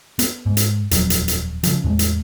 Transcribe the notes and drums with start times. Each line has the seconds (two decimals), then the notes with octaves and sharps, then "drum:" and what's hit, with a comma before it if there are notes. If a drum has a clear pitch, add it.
0.19 B3, drum: hi-hat
0.46 G#2
0.57 drum: hi-hat
0.91 D#1 F2 F#3, drum: hi-hat
1.10 drum: hi-hat
1.28 drum: hi-hat
1.63 C#3 F3, drum: hi-hat
1.84 E2 A2 G#3
1.99 drum: hi-hat